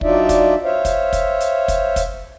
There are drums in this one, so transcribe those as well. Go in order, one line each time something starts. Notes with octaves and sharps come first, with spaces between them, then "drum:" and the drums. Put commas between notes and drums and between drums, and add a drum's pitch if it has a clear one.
F#3 D4 D#4 F4 D5 E5, drum: kick
drum: kick, hi-hat
C5 C#5 E5 F5
drum: kick, hi-hat
drum: kick, hi-hat
drum: hi-hat
drum: kick, hi-hat
drum: kick, hi-hat